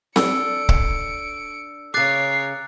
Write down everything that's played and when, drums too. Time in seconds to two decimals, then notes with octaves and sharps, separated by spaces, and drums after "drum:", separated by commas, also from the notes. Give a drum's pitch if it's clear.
0.16 D4 A4 E6 C#7 D7, drum: snare C4
0.69 drum: kick C#1
1.94 C#3 G#4 A#4 C#5 D6 F#6 A6 C7